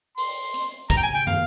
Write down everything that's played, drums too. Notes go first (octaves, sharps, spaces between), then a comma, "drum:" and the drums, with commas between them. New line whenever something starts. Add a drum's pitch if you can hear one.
C6, drum: open hi-hat
drum: hi-hat
A#5, drum: kick, hi-hat
G5
G#5
G5
F5, drum: tom